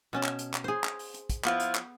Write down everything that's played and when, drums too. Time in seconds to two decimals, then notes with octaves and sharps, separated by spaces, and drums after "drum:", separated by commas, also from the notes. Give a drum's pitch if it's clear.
0.13 B2 C#4 A5
0.24 drum: clap
0.39 drum: hi-hat
0.54 drum: clap
0.64 G#4 C5
0.84 drum: clap
0.99 drum: open hi-hat
1.14 drum: hi-hat
1.29 drum: kick, hi-hat
1.45 F3 B3 E4 F4, drum: clap
1.60 drum: hi-hat
1.75 drum: clap